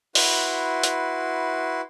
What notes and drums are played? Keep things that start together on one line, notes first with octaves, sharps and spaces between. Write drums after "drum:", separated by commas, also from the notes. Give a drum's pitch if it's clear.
E4 F#4 B4 C6, drum: open hi-hat
drum: hi-hat